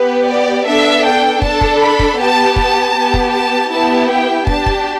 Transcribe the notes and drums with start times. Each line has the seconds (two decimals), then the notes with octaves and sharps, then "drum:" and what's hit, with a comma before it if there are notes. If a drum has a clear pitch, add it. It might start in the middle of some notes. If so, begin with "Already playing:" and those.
Already playing: B3 G4 B4
0.27 D5
0.65 B3 D4 A4 E5
1.04 G5
1.42 D4 A4 A5, drum: kick
1.61 drum: kick
1.80 B5
1.99 drum: kick
2.19 B3 G4 A5
2.56 A5, drum: kick
2.95 B3 G4
3.14 drum: kick
3.32 A5
3.71 B3 E4 G4 A5
4.09 G5
4.47 D4 G4 A5, drum: kick
4.66 drum: kick